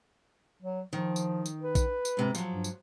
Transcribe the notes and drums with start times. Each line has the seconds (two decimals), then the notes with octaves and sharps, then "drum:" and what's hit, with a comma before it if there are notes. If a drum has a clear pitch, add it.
0.62 F#3
0.93 D#3 F3
1.16 drum: tambourine
1.46 drum: tambourine
1.61 B4
1.75 drum: kick A#1, tambourine
2.05 drum: tambourine
2.17 G#2 C3
2.35 F3 F#3, drum: tambourine
2.52 G2
2.64 drum: tambourine